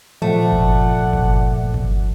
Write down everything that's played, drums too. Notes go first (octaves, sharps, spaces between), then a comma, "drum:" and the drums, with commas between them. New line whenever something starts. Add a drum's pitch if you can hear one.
A#2 F3 A3 D5 F#5
drum: kick G1
drum: kick G1
drum: kick G1